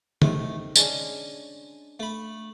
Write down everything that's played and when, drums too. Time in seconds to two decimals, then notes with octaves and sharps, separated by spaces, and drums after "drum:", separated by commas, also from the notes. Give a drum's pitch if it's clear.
0.22 C3 D#3 A3, drum: tom
0.76 G#3 C#4 D4 G#5, drum: tambourine
2.00 A3 B5